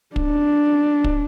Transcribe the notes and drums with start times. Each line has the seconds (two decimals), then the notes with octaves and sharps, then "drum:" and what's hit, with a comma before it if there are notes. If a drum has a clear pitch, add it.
0.16 D4, drum: kick
1.04 drum: kick